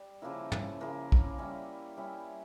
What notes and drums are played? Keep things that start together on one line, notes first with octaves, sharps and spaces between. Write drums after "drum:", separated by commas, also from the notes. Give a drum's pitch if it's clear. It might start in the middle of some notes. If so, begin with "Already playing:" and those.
Already playing: G3
C#3 F3 A#3 E4
drum: tom
C#3 F3 A#3 E4
drum: kick
G3 C#4 E4
G3 C#4 E4